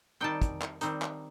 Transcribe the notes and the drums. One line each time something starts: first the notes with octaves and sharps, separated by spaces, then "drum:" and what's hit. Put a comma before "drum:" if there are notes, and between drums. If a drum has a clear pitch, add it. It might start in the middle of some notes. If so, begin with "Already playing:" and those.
D#3 G3 C4 D#4 G5 A5
drum: kick, hi-hat
drum: clap
D#3 G3 C4 D#4, drum: hi-hat
drum: clap